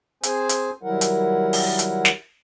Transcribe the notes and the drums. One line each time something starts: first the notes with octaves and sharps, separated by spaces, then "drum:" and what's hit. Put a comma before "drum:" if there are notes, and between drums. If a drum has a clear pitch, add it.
C4 G#4 C5 G#5, drum: hi-hat
drum: hi-hat
D#3 F#3 G3 E4 A#4 F#5
drum: hi-hat
drum: open hi-hat
drum: hi-hat
drum: snare